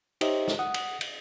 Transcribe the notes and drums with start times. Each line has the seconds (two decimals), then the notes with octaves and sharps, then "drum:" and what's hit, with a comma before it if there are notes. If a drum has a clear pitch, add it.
0.21 D#4 G4 C5 C#5 D#5 E5, drum: cymbal
0.48 drum: snare
0.59 F#5 D#6
0.74 drum: cymbal
1.01 drum: cymbal